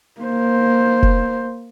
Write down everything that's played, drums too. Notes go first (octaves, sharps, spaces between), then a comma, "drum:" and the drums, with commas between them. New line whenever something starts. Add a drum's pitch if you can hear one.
A#3 C5
drum: kick F1